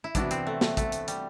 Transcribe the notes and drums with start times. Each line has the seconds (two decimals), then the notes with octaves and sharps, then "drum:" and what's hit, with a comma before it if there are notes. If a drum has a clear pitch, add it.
0.04 E4
0.15 C3 E3 B3 D4 F#4, drum: kick, hi-hat
0.31 C4, drum: hi-hat
0.47 A3
0.61 A3, drum: snare
0.77 A3, drum: kick, hi-hat
0.92 drum: hi-hat
1.08 G3, drum: hi-hat